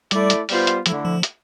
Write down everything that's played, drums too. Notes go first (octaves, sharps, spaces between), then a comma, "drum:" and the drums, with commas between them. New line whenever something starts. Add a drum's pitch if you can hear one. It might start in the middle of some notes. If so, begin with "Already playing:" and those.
G3 A3 E4 A4 D5, drum: hi-hat
drum: hi-hat
G3 B3 F4 C5, drum: open hi-hat
drum: hi-hat
D3 F3 A3 E4, drum: hi-hat
F3
drum: hi-hat